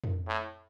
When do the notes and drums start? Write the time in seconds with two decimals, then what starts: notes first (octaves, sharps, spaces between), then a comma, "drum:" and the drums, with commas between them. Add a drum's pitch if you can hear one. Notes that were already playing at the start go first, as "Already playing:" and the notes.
0.04 drum: tom F2
0.27 A2